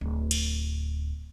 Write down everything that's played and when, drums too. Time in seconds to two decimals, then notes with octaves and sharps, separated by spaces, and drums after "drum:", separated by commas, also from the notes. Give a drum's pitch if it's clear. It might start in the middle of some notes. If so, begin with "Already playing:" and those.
0.01 D1
0.31 drum: cymbal